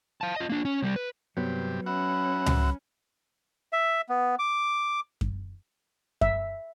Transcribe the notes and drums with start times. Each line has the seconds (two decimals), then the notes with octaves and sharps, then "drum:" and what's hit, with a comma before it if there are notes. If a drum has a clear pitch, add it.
0.21 F5 A5
0.36 F4 D#5
0.50 A#3 D4
0.65 C#4
0.82 C2 G3
0.96 B4
1.37 G2 C3 F#3 B3 G4
1.86 C#4 F#4 E5 F#5 B5
2.46 drum: tom C#2
3.73 E5
4.09 B3
4.39 D6
5.21 drum: kick F#2
6.21 E5, drum: kick F#2